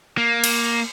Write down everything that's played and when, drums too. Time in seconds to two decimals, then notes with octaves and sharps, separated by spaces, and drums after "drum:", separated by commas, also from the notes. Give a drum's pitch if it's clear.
0.18 A#3
0.44 drum: cymbal